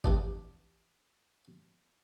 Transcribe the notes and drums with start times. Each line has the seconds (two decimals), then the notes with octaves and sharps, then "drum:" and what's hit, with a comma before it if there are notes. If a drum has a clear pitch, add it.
0.04 C3 E3 D4, drum: kick G1